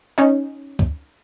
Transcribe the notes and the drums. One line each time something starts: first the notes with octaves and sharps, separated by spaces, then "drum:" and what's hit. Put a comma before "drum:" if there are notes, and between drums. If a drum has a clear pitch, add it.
C#4 D#4
drum: kick